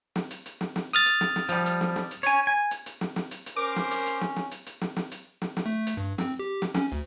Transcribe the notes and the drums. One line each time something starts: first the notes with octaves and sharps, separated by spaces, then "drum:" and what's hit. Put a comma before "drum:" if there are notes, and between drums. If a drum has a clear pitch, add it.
drum: snare
drum: hi-hat
drum: hi-hat
drum: snare
drum: snare
D#6 F6 A6, drum: hi-hat
drum: hi-hat
drum: snare
drum: snare
F3 G3, drum: hi-hat
drum: hi-hat
drum: snare
drum: snare
drum: hi-hat
C#5 G#5, drum: hi-hat
G#5
drum: hi-hat
drum: hi-hat
drum: snare
drum: snare
drum: hi-hat
drum: hi-hat
C#4 A#4 C5 D6
drum: snare
drum: hi-hat
drum: hi-hat
drum: snare
drum: snare
drum: hi-hat
drum: hi-hat
drum: snare
drum: snare
drum: hi-hat
drum: snare
drum: snare
A3
drum: hi-hat
G2
C4, drum: snare
G4
drum: snare
C#4, drum: snare
D2